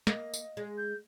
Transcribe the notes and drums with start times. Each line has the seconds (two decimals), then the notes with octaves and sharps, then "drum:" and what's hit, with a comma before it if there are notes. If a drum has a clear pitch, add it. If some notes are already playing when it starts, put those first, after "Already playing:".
0.07 A#3 D#5, drum: snare
0.34 drum: tambourine
0.57 G#3
0.77 G6